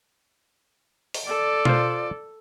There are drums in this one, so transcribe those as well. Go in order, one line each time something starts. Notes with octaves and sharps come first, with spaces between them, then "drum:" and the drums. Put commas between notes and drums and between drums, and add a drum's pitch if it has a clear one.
drum: open hi-hat
A4 D5
F4 C5, drum: tom B2